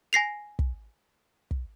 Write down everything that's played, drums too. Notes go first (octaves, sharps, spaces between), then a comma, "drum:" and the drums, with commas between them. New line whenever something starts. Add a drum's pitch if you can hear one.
G#5 A#6 C7 F7
drum: kick
drum: kick